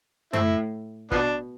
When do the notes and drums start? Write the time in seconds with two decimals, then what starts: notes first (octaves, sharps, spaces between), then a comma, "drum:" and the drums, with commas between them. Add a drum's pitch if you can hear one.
0.33 A2 A3 C4 E4, drum: tom F#2
1.11 B2 F3 B3 D4, drum: kick